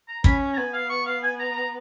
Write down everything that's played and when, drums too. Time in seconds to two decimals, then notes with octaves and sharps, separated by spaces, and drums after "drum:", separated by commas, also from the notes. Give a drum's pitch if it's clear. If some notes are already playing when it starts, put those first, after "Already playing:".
0.08 A#5
0.24 C#4 B5, drum: kick
0.54 A#5
0.57 B3 G#5
0.73 F5
0.90 C#6
1.06 F5
1.23 G#5
1.40 A#5
1.55 A#5